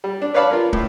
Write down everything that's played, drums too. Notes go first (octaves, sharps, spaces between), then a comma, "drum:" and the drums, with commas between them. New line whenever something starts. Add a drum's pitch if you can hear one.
G3
D4
B4 C#5 D5 F5 A5 B5
F4 A#4
A2, drum: kick